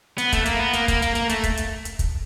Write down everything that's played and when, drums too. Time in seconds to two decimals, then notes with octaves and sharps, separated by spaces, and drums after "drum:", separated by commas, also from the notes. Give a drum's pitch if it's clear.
0.18 B3, drum: hi-hat
0.32 A3, drum: kick, hi-hat
0.46 A#3, drum: hi-hat
0.59 B3
0.73 A#3, drum: hi-hat
0.88 A#3, drum: kick, hi-hat
1.02 A#3, drum: hi-hat
1.15 A#3, drum: hi-hat
1.29 A3, drum: hi-hat
1.43 drum: kick, hi-hat
1.57 drum: hi-hat
1.85 drum: hi-hat
1.99 drum: kick, hi-hat